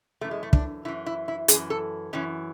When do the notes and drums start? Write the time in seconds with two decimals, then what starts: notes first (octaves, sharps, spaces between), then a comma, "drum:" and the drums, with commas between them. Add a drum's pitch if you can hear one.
0.21 F#2 E3 A3
0.31 G#3
0.43 A3
0.53 D4, drum: kick
0.85 F#2 E3 E4
1.06 E4
1.28 E4
1.48 F#2 E3 G#4, drum: hi-hat
1.70 A4
2.13 F#2 E3 C#4